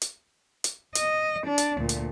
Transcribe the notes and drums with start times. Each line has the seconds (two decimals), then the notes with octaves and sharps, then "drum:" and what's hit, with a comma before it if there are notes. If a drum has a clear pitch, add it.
0.02 drum: hi-hat
0.64 drum: hi-hat
0.95 D#5, drum: hi-hat
1.47 D4
1.58 drum: hi-hat
1.77 D2 A#2
1.89 drum: hi-hat